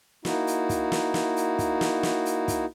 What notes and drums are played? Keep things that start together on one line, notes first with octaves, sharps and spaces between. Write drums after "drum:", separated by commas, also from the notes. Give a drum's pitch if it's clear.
A#3 D#4 E4 F#4, drum: snare
drum: hi-hat
drum: kick, hi-hat
drum: snare
drum: snare
drum: hi-hat
drum: kick, hi-hat
drum: snare
drum: snare
drum: hi-hat
drum: kick, hi-hat